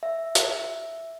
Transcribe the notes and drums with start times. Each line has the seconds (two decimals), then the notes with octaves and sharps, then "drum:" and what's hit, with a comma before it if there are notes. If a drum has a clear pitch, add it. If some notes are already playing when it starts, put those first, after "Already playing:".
0.03 E5
0.35 drum: hi-hat